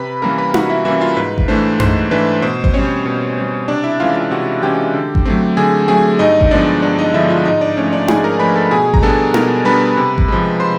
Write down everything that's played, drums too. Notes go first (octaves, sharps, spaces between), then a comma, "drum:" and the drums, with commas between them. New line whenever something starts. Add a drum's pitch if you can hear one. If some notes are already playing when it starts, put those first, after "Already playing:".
Already playing: C3 B4 B5
E3 G3 A#3 C#4 A#4 A#5
B4 B5
C3 F#4 F#5, drum: tom D#4
E4 E5
E3 G3 A#3 C#4 E4 E5
F4 F5
G#2 B4
drum: kick G#1
E3 A3 D4 C5
G#2 C5, drum: tom F#2
E3 A3 D4 B4
B2 C5
C5, drum: kick G#1
C4 C#4 C#5
G3
B2
G3 C4
C3 D4 D5
E4 E5
E3 G#3 C#4 F4 F5
F4 F5
C3 F#4 F#5
E3 G#3 C#4 G4 G5
D3
drum: kick G#1
F#3 A3 C4
D3 G#4 G#5
F#3 A3 C4 G#4 G#5
G2 D#4 D#5
drum: kick G#1
D3 F3 G#3 B3 D4 D5
G2 D4 D5
D#4 D#5
D3 F3 G#3 B3 E4 E5
F4 F5
G#2 D#4 D#5
D4 D5
F3 A3 C#4 D4 C#5
D4 D5
G#2 G#4 G#5, drum: tom D#4
A#4 A#5
F3 A3 D4 B4 B5
A4 A5
B2 G#4 G#5
A#5, drum: kick G#1
G3 B3 D4 A4 A5
B2 A#4 A#5, drum: tom D#4
G3 B3 D4 B4 B5
C3
drum: kick G#1
F3 G#3
C3 C5 C6